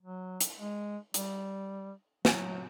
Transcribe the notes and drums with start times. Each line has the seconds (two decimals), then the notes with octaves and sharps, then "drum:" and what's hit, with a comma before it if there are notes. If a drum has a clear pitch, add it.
0.02 F#3
0.41 drum: hi-hat
0.58 G#3
1.14 G3, drum: hi-hat
2.25 F#3, drum: snare